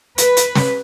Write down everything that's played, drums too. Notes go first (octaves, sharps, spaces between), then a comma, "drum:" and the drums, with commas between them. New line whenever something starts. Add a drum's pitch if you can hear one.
B4, drum: hi-hat
drum: hi-hat
drum: snare